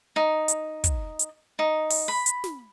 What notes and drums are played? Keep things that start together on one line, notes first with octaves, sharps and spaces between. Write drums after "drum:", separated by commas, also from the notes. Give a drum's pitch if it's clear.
D#4
drum: hi-hat
drum: kick, hi-hat
drum: hi-hat
D#4
drum: open hi-hat
B5
drum: hi-hat
drum: snare